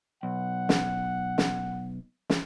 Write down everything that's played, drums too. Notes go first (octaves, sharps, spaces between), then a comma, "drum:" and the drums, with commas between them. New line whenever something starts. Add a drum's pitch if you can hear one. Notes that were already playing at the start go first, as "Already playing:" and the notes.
B1 F#5
drum: snare
drum: snare
drum: snare